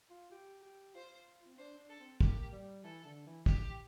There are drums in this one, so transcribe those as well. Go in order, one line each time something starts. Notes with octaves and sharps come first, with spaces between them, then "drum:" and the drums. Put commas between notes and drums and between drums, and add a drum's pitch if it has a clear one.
F4
G4
G4
F4 C5
C4
D4 C5
D4
A4
C4
A#3 G4, drum: kick
G3
E3 A4
D3
E3
E3 G4, drum: kick